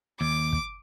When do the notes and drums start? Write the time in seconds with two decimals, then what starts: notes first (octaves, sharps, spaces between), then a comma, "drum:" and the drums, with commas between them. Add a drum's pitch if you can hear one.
0.21 D#2 D6
0.53 drum: kick